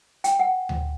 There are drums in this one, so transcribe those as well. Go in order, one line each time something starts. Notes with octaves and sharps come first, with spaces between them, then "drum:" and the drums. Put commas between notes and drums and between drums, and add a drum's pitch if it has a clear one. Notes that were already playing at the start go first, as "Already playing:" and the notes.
G5, drum: hi-hat
F#5
drum: tom D2